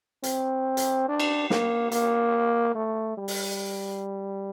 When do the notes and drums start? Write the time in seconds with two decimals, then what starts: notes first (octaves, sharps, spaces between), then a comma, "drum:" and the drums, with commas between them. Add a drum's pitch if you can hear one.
0.23 C4, drum: hi-hat
0.77 drum: hi-hat
1.08 D4
1.20 drum: cymbal
1.50 A#3, drum: snare
1.92 A#3, drum: hi-hat
2.75 A3
3.17 G3
3.28 drum: open hi-hat